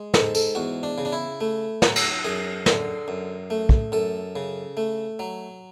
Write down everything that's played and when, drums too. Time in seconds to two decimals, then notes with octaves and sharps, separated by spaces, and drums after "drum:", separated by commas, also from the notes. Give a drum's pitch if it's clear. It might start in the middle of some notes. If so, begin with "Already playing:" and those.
Already playing: G#3
0.14 G#2 A4, drum: snare
0.35 A4, drum: tambourine
0.55 E2 F#4
0.83 D4
0.98 C#3
1.05 D4
1.12 E4
1.41 A3
1.82 F#3, drum: snare
1.96 drum: cymbal
2.24 F#2 G#4
2.66 D3, drum: snare
3.08 F#2
3.50 A3
3.69 drum: kick
3.92 F#2 A4
4.36 C#3
4.77 A3
5.19 F#3